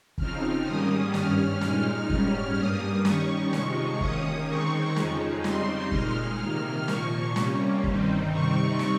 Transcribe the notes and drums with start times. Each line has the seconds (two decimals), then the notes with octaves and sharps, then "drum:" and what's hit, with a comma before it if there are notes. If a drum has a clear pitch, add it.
0.18 C#3 F3 C4 D#4 F6, drum: kick
0.66 G#2 D#3 G3 A#3 C#4 D#6
1.14 G2 G3 C#4 F6, drum: snare
1.61 A#2 G#3 D#4 F6, drum: snare
2.10 G#2 G3 C#4, drum: kick
2.57 G2 G3 A#3 D#6
3.05 D#3 G3 C#4 C#6, drum: snare
3.53 C3 F3 G#3 D#4, drum: snare
4.01 D#3 A#3 C#4 D#6, drum: kick
4.48 D#3 G#3 C4 D#4 C#6
4.96 F2 C#3 F3 G#3 D#4, drum: snare
5.44 C#3 G3 C4 D#4 C6, drum: snare
5.92 A#2 G#3 D#4 F6, drum: kick
6.39 C3 D#3 A#3 D#4
6.88 A#2 F3 A#3 C#6, drum: snare
7.36 C3 G3 A#3 C#4, drum: snare
7.84 G2 D#3 G3 C4 D#4, drum: kick
8.31 C3 G3 C4 D#4 C#6
8.79 drum: snare